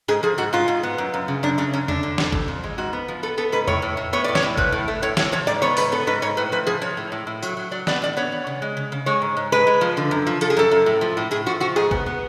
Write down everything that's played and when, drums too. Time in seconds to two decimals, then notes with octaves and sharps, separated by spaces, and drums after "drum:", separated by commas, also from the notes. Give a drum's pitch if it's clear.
0.08 G#2 G#4
0.23 F3 G#4
0.38 G#2 F#4
0.53 G#2 F4
0.68 G#2
0.83 B3
0.98 F#2
1.14 F#2
1.28 C#3
1.43 F#2 D4
1.58 C#3 D4
1.73 F#2 C#4
1.88 D3 D4, drum: tom E2
2.03 D3
2.18 F2, drum: snare
2.32 F2, drum: kick
2.48 F2
2.64 G#3
2.78 G#2 F#4
2.93 B3
3.08 F3
3.23 B3 A4
3.37 B3 A4
3.52 G#2 B4
3.67 A2 C#5, drum: tom E2
3.82 A2
3.97 A2
4.13 B3 C#5
4.24 A2 D5
4.35 C#5, drum: snare
4.43 A2
4.57 F3 B4, drum: kick
4.72 A2
4.88 A3
5.02 A2 C#5
5.17 A2 C#5, drum: snare
5.32 F3 C#5
5.47 G#2 D5
5.62 B3 C#5
5.77 G#2 B4, drum: open hi-hat
5.92 B3 A4
6.07 G#2 B4
6.22 G#2 C#5
6.37 A2 B4
6.52 F3 B4
6.67 F3 G#4
6.82 F3 C#5
6.97 A2
7.12 A2
7.27 A2
7.43 F#3, drum: tambourine
7.57 F#3
7.71 F#3 D5
7.87 B3 D5, drum: snare
8.02 A2 D5
8.17 B3 C#5
8.32 B3
8.47 C#3
8.62 G#3
8.77 C#3
8.92 C#3
9.06 G#3 C#5
9.22 G#2
9.37 G#2
9.52 G#3 B4
9.67 G#3
9.81 F3
9.97 D3
10.11 F#2
10.27 F3
10.41 F3 A4, drum: hi-hat
10.50 G#4
10.57 F#2 A4
10.71 F#2
10.86 A2
11.01 F3
11.17 A2
11.31 A2 G#4
11.46 F3 F#4
11.60 F3 F#4
11.76 G#2 G#4
11.91 B3, drum: kick
12.06 B3